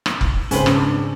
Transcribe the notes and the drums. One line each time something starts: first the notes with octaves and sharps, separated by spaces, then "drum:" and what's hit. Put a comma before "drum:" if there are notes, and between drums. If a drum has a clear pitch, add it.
drum: rim click
drum: kick F1
G#2 C#3 C4 C#4 B4 C5, drum: hi-hat
drum: rim click
D4